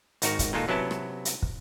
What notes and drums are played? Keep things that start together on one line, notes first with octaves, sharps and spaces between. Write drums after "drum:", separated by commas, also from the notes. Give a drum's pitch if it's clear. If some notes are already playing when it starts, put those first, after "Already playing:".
G#1 D#4 F#4 A#4, drum: hi-hat
drum: kick, hi-hat
A#2 D#3 G#3 D#4 F4 A4
C3 F#3 B3 C#4 E4 A5
drum: rim click
drum: hi-hat
drum: kick